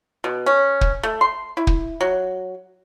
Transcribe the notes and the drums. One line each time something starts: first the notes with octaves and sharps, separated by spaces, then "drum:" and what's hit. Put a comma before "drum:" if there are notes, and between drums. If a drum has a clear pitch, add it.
B2
C#4
drum: kick
A3
C6
E4
drum: kick
F#3